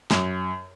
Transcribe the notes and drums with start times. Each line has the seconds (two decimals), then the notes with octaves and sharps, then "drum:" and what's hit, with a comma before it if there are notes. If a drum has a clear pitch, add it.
0.11 F#2, drum: snare